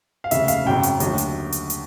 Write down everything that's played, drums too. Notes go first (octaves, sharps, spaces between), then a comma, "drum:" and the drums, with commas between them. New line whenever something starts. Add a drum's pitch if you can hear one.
F5
F1 D#2 C#3 E5, drum: hi-hat
F5, drum: hi-hat
G#1 F#2 C#3 G5
drum: hi-hat
D#2 D3 F#3 A3, drum: hi-hat
drum: hi-hat
drum: hi-hat
drum: hi-hat